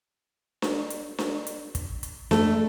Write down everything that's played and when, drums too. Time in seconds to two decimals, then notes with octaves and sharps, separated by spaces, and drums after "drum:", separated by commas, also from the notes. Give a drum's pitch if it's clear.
0.62 drum: snare D4
0.90 drum: hi-hat
1.18 drum: snare D4
1.47 drum: hi-hat
1.75 drum: kick, hi-hat
2.03 drum: hi-hat
2.31 A3, drum: snare D4